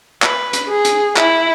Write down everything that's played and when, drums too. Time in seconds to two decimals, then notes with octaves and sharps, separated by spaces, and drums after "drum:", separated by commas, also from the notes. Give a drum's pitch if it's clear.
0.22 B4, drum: clap
0.53 drum: hi-hat
0.69 G#4
0.85 drum: hi-hat
1.16 E4, drum: clap